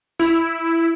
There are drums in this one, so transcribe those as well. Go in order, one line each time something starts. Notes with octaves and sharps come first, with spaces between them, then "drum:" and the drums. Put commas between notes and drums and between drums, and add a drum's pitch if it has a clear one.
E4, drum: open hi-hat